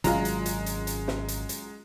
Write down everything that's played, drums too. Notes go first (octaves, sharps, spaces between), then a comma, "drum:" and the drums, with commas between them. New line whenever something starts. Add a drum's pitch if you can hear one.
G#1 A#2 F#3 G#3 C#4 F4 A#5, drum: hi-hat
drum: hi-hat
drum: hi-hat
drum: hi-hat
drum: hi-hat
drum: snare
drum: hi-hat
drum: hi-hat